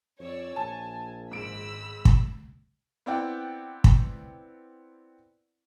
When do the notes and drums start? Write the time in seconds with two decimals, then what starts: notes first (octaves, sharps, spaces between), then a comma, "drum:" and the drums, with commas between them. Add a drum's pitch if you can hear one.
0.20 F2 C#5 D5 E6
0.56 A#1 G#5 A5
1.31 G#1 G#2 B5 E6 D7
2.05 drum: kick
3.06 B3 C4 E4 D5 F#5 G5
3.84 drum: kick